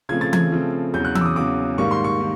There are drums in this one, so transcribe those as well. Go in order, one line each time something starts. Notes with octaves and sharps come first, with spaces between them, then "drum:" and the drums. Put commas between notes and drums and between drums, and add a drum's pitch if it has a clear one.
C#3 F3 A3 C4 G#6
A6
G#6, drum: tom E3
C#3 F3 A3 C4
E2 C#3 F#3 G6
F#6
E6, drum: tom E3
D6
D#6
E2 C#3 F#3 D6
G#2 D#3 G3 A#3 C#6
C6
C#6
D#3 A#3